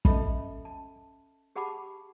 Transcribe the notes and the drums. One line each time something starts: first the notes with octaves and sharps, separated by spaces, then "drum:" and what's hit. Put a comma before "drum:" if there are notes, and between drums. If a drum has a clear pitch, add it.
C#4 A4 D#5 E5 A5 B5, drum: kick
A5
G4 G#4 F#5 A5 B5 D6